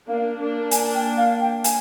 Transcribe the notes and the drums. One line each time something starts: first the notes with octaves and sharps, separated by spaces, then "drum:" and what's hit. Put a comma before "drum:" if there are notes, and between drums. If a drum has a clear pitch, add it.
A#3 D4 F5
A#3 D4
G#5, drum: hi-hat
G5
F5
G5
G#5, drum: hi-hat